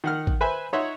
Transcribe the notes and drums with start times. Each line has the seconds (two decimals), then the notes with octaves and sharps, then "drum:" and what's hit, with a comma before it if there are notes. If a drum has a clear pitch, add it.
0.04 D#3 F#5 F6
0.27 drum: kick
0.41 B4 C5 E5 G#5 B5
0.73 D#4 C#5 E5 F#5 C6